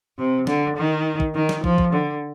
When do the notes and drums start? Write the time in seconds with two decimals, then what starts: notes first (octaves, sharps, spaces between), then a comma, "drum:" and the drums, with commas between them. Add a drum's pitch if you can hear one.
0.18 C3
0.47 D3, drum: snare
0.77 D#3
1.20 drum: kick
1.35 D#3
1.49 drum: snare
1.64 F3, drum: kick
1.78 drum: kick
1.93 D3